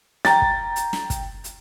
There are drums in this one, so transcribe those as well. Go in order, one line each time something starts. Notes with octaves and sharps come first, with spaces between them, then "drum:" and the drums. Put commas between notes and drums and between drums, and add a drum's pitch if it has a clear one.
G5 A#5 A6, drum: snare
drum: kick
drum: hi-hat
drum: snare
drum: kick, hi-hat
drum: hi-hat